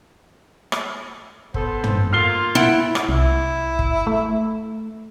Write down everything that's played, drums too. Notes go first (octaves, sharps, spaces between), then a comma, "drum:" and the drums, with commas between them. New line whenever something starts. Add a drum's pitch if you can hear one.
drum: rim click
B3 A4 C5, drum: kick
drum: tom
A#3 F4 F6 C7 G7
E4 F#5 D7 G7
drum: rim click
C2 E4
drum: kick
A3